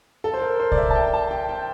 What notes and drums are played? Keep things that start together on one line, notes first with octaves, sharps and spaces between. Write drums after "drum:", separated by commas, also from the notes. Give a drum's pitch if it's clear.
A4
C5
A#4
C5
D5, drum: kick
E5
A5
G5
A5
G5
G5